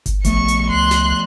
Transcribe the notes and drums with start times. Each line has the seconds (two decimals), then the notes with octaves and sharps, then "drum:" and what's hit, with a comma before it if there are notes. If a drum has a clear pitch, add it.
0.06 drum: kick G1, hi-hat
0.25 A#1 F3 A3 B3 C#6, drum: hi-hat
0.48 drum: hi-hat
0.70 C#2 C6 F#6
0.91 drum: snare